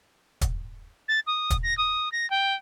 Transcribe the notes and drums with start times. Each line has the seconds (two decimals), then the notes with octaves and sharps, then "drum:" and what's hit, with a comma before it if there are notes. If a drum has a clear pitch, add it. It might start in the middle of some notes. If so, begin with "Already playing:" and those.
0.41 drum: kick, hi-hat
1.08 A6
1.27 D#6
1.50 drum: kick, hi-hat
1.63 A#6
1.78 D#6
2.12 A#6
2.30 G5